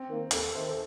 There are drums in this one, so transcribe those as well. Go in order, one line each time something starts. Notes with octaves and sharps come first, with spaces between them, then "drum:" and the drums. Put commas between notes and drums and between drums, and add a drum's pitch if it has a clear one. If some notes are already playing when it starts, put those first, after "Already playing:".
Already playing: C4
D#3 A#3
D#2 A4, drum: hi-hat
D#3 A3 C4
A4